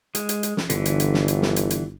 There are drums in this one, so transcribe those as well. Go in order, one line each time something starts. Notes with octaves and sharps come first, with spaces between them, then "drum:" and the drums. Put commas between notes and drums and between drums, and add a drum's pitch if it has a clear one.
G#3, drum: hi-hat
drum: hi-hat
drum: hi-hat
drum: snare
G1 D3 E3, drum: hi-hat
drum: hi-hat
drum: hi-hat
drum: snare
drum: hi-hat
drum: snare
drum: hi-hat
drum: hi-hat